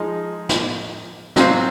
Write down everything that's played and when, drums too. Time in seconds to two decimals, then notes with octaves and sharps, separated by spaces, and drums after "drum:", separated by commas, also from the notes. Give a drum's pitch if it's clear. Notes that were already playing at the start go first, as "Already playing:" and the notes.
Already playing: F3 G#3 D#4
0.49 drum: snare
1.36 C3 F#3 C4 F4 C5, drum: snare